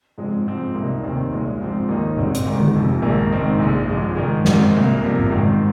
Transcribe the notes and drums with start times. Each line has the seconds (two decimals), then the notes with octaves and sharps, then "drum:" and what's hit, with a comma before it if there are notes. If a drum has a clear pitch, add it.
0.18 G#2 F3 G#3 C4
0.46 G#2 F3 C4
0.74 C2 A#2 A#3 D#4
1.03 F1 D#2 D#3 C4 D#4
1.32 C2 A#2 G#3
1.60 G#2 F3 C4
1.89 D#2 D#3 A#3 D#4
2.17 G#1 G#2 G#3 C4 D#4, drum: tom B2
2.35 drum: hi-hat
2.45 G#1 G#2 D#3
2.60 drum: tom D3
2.74 F1 F2 F3
3.02 A#1 G#2 D#3 A#3
3.31 G#2 D#3 C4 D#4
3.59 A#1 A#2 G#3
3.88 G#1 G#2 F3 G#3
4.15 G#2 D#3 G#3
4.45 G#1 G#2 D#3 C4, drum: snare
4.73 C2 A#2 A#3
5.01 C2 C3 F3 A#3
5.19 drum: tom G#2
5.30 G#1 G#2 D#3 C4